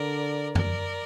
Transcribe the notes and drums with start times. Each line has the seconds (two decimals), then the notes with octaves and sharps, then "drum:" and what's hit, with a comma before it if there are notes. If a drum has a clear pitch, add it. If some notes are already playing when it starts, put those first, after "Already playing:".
Already playing: D3 A#4 D5
0.55 A#4 D5, drum: tom F#2